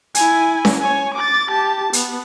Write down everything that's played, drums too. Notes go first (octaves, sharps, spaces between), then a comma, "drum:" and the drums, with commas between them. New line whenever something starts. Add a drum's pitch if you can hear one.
E4 G#5, drum: hi-hat
drum: snare C#4
C#5 G#5
D6 A6
G4 A5
B3, drum: hi-hat